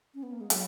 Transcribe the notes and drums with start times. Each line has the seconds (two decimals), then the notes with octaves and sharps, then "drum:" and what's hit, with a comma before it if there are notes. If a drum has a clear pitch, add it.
0.15 C#4
0.23 B3
0.32 A#3
0.41 G#3
0.50 F#3, drum: hi-hat